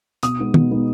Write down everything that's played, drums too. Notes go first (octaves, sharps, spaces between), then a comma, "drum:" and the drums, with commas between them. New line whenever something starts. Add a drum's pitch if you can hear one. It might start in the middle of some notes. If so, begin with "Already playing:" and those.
B2 D#6, drum: hi-hat
G#3 B3 D#4
B2, drum: tom
G#3 B3 D#4